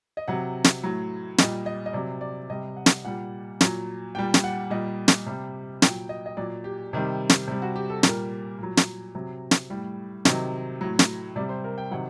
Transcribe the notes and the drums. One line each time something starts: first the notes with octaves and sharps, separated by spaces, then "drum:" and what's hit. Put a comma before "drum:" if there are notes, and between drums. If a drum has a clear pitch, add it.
D#5
C3 F#3 F#5
drum: snare
A2 F#3
A#2 G3 D#5, drum: snare
D#5
D#5
C3 F#3 D5
D5
C3 G3 D#5
F#5
drum: snare
A#2 G3 F#5
A#2 F#3, drum: snare
A#2 G3 G5
drum: snare
F#5
A#2 G3 D#5
drum: snare
C3 G3
A#2 F#3 G5, drum: snare
D#5
D#5
A#2 F#3 D5
G4
C3 D#3 G3
drum: snare
C3 G3
F#4
G4
A4
A#2 G3 A#4, drum: snare
A#2 F#3
drum: snare
C3 F#3
drum: snare
A2 G3
C3 D#3 F#3, drum: snare
A2 F#3
drum: snare
C3 G3 D5
C5
A#4
G5
C3 D#3 F#3 F#5